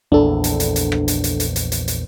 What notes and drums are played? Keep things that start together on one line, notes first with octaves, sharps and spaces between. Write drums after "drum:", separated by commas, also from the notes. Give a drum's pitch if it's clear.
A#1 E2 D4 A4
drum: hi-hat
drum: hi-hat
drum: hi-hat
drum: rim click
drum: hi-hat
drum: hi-hat
drum: hi-hat
drum: hi-hat
drum: hi-hat
drum: hi-hat